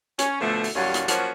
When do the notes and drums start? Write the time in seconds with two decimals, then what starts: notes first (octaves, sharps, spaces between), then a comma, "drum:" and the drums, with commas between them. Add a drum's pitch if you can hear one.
0.19 C#4, drum: hi-hat
0.40 B2 D3 F3 A3
0.64 drum: open hi-hat
0.75 D#2 A2 F#3 G3 C#4 F5
0.94 drum: hi-hat
1.08 F3 F#3 A#3 C#4 F#4, drum: hi-hat